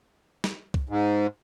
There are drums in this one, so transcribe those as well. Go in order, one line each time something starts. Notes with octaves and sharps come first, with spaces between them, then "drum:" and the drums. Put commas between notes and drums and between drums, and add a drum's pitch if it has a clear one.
drum: snare
drum: kick
G#2